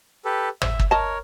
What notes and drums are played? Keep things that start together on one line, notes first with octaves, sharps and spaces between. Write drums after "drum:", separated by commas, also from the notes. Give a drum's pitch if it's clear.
G4 A4 B4
E5, drum: tom G#1
drum: kick
A#4 C#5 D#5 A5